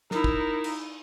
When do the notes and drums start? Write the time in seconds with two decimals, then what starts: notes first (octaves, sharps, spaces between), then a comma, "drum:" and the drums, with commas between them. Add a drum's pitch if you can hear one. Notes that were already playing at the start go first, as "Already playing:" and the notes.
0.11 D#4 E4 A#4, drum: snare
0.24 drum: kick
0.64 drum: cymbal